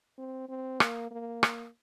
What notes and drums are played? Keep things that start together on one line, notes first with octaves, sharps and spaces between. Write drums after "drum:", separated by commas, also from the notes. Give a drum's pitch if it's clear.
C4
C4
A#3, drum: rim click
A#3
drum: rim click